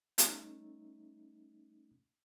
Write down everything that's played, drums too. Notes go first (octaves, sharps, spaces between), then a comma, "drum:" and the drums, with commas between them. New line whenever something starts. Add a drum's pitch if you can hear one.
G3 A3 C#4 D#4, drum: hi-hat